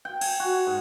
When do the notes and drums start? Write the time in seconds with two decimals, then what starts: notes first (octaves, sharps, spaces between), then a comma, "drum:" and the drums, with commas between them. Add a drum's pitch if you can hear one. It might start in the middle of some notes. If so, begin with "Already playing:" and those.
0.05 G5
0.21 G#5, drum: cymbal
0.40 F#4
0.67 G#2